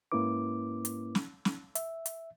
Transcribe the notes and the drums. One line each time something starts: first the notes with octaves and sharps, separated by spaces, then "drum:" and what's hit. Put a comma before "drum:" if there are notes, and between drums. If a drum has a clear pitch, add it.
G#2 A#3 C#4 E4 B4 D6
drum: hi-hat
drum: snare
drum: snare
E5, drum: hi-hat
drum: hi-hat